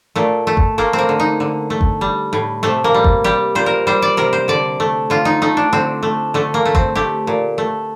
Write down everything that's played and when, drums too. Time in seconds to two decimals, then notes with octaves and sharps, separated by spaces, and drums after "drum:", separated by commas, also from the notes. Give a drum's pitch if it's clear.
0.16 A#2 A3
0.47 A3
0.57 drum: kick G1
0.78 A3 A#3
0.93 C4
0.99 A#3
1.09 D3
1.20 D#4
1.40 D3
1.70 A3
1.81 drum: kick G1
2.01 G3
2.33 A2
2.63 C3 A3
2.84 A#3
2.94 G3
3.04 drum: kick G1
3.24 G3 G4
3.55 A#2 C5
3.66 A#4
3.87 G3 C5
4.02 D5
4.17 C3 A#4
4.33 C5
4.48 D3 D5
4.80 A3
5.10 D3 F4
5.25 D#4
5.42 A3 D#4
5.57 D4
5.73 D3 C4
6.03 A3
6.34 D3 A3
6.54 A#3
6.65 A3
6.75 C4, drum: kick G1
6.95 A3 G4
7.27 A#2
7.58 A3